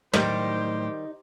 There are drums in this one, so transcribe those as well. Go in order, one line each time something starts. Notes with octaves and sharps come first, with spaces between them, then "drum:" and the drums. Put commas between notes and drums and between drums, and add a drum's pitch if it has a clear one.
A2 D#3 F#3 G3 A3 D#4 G4 C5, drum: snare